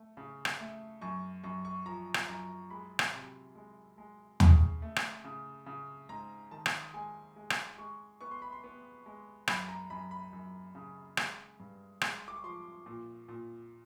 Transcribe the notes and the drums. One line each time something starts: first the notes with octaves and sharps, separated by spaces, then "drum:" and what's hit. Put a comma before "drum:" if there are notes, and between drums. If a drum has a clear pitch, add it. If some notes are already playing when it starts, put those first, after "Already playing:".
Already playing: A3
C#3
drum: rim click
A3
F#2 C#6
F#2 C#6
C#6
F3 A#5
drum: rim click
F#2 A#5
G#3 B5
drum: rim click
C3
G#3
G#3
C#3, drum: tom
A3
drum: rim click
C#3
C#3
G#2 A#5
D#3 A5
drum: rim click
G#3 G#5
G#3
drum: rim click
G#3 C#6
B3 C#6
C6
B5
C6
B3
G#3
F#2 B5, drum: rim click
A#5
F#2 B5
B5
F#2
C#3
G#3, drum: rim click
G2
G#3 C6, drum: rim click
D6
C#6
F3 C6
A#2
A#2